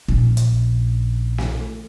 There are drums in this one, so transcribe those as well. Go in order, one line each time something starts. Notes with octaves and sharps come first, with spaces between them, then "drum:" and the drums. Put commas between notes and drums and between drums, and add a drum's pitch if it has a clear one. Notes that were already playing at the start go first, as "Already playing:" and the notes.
A#1 C#4, drum: kick
drum: hi-hat
drum: snare